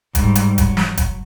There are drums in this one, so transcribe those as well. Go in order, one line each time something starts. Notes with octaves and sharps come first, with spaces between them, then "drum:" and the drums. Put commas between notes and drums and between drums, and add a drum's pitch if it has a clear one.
G#2 G3, drum: kick, hi-hat
drum: hi-hat
F#3, drum: kick, hi-hat
drum: snare
drum: kick, hi-hat